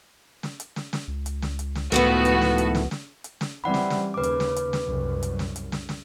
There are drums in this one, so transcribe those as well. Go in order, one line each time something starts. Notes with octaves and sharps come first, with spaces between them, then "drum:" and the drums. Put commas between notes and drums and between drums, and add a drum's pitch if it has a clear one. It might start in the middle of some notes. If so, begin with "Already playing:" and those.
drum: snare
drum: hi-hat
drum: snare
drum: snare
C#2
drum: hi-hat
drum: snare
drum: hi-hat
drum: snare
C#2 A2 D#3 F3 A3 B3 F#4, drum: snare
drum: hi-hat
drum: snare
drum: hi-hat
drum: snare
drum: snare
drum: hi-hat
drum: snare
E3 G3 C4 D5 F#5 B5
drum: snare
drum: snare
D#2 C#3 B4 D6
drum: hi-hat
drum: snare
drum: hi-hat
drum: snare
C2 F#2
drum: hi-hat
drum: snare
drum: hi-hat
drum: snare
drum: snare